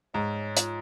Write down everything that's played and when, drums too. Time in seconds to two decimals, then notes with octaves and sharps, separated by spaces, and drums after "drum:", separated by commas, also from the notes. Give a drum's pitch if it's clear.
0.14 G#2 C#5
0.57 F4, drum: hi-hat